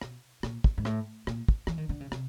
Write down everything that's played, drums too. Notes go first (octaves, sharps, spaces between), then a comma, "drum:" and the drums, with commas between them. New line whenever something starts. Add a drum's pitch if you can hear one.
B2, drum: rim click
A#2, drum: rim click
drum: kick
G#2
A2, drum: rim click
A#2, drum: rim click
drum: kick
E3, drum: rim click
D#3
D3
C#3
C3, drum: rim click